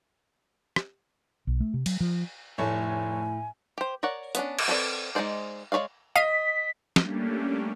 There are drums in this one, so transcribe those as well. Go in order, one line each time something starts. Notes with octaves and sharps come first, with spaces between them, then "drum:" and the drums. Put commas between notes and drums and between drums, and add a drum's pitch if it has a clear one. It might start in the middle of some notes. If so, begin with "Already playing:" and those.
drum: rim click
B1
A3
C3
F#3, drum: cymbal
F3
F1 A2 A3 C#5 G#5
G4 C5
A#4 C#5 D5 F#5
B3 C#4 D4, drum: hi-hat
drum: cymbal
C4 A4 B4 D5
G#3 A#3 D#4 C5 D5
G#3 B4 C#5 D5 F5
D#5 F5 B6 D#7
G3 A3 A#3 C#4 D4 G4, drum: snare